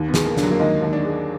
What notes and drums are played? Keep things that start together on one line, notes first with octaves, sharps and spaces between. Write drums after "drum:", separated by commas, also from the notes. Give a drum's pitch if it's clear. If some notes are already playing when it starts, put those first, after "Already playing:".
Already playing: D#2
B3
G#3, drum: snare
A#3
D3, drum: snare
F#3
A#3
D#2 G#3
D#2
D4
G#3